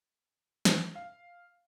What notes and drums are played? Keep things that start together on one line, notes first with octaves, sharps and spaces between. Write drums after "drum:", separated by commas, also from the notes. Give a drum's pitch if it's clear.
drum: snare
F5